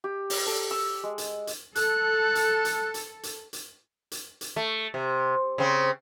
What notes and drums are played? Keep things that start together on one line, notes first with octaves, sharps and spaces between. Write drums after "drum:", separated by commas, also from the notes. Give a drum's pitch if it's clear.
G4
drum: open hi-hat
A4
E6
G#3
drum: hi-hat
drum: hi-hat
A4 F#6, drum: hi-hat
drum: hi-hat
drum: hi-hat
drum: hi-hat
drum: hi-hat
drum: hi-hat
drum: hi-hat
drum: hi-hat
A3
C3
C#3 C4